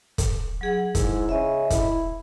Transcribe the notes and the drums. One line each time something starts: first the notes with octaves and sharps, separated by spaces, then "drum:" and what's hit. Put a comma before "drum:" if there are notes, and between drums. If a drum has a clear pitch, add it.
drum: kick, hi-hat
F#3 G#4 F#5
G#2 E4, drum: kick, hi-hat
C#3 D#5 E5
E4, drum: kick, hi-hat